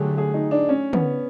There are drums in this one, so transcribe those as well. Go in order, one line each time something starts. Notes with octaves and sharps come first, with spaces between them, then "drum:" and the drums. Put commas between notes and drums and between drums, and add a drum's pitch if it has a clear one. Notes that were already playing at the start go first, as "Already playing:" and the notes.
Already playing: D3 F#3 A3 G4 G#4
G#4
D#4
D4
C#4
B3, drum: tom